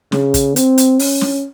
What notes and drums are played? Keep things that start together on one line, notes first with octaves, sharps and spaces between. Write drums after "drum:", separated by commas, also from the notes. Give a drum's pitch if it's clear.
C#3, drum: snare
drum: kick, hi-hat
C4, drum: hi-hat
drum: hi-hat
C#4, drum: open hi-hat
drum: snare